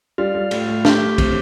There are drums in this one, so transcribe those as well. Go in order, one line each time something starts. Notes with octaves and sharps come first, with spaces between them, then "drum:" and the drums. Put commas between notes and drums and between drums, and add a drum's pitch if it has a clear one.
G3 F4
G3
A2, drum: cymbal
A2
A3 G4, drum: snare D4
A3
C4, drum: kick A#1, cymbal